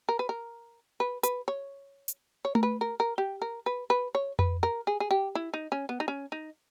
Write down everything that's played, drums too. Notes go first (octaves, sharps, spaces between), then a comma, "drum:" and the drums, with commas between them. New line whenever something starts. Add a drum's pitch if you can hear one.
A#4
B4
A#4
B4
B4, drum: hi-hat
C#5
drum: hi-hat
C#5
A#4, drum: tom A3
B4
A#4
A#4
G4
A#4
B4
B4
C#5
B4, drum: tom F2
A#4
G#4
G#4
G4
E4
D#4
C#4
B3
D#4
C#4
D#4